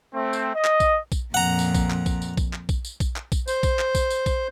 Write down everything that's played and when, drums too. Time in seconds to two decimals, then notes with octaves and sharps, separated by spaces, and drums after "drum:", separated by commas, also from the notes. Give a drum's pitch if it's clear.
0.14 A3 C4
0.33 drum: tambourine
0.55 D#5
0.64 drum: clap
0.80 drum: kick, tambourine
1.12 drum: kick, tambourine
1.34 F2 A#2 F#5 A#5
1.59 drum: tambourine
1.75 drum: kick, tambourine
1.90 drum: clap
2.06 drum: kick, tambourine
2.22 drum: tambourine
2.37 drum: kick, tambourine
2.53 drum: clap
2.69 drum: kick, tambourine
2.85 drum: tambourine
3.00 drum: kick, tambourine
3.16 drum: clap
3.32 drum: kick, tambourine
3.48 C5, drum: tambourine
3.63 drum: kick, tambourine
3.79 drum: clap
3.95 drum: kick, tambourine
4.10 drum: tambourine
4.26 drum: kick, tambourine